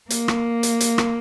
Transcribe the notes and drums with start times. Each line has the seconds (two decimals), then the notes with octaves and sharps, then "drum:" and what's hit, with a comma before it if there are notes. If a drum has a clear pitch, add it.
0.10 A#3, drum: hi-hat
0.28 drum: rim click
0.63 drum: hi-hat
0.81 drum: hi-hat
0.98 drum: rim click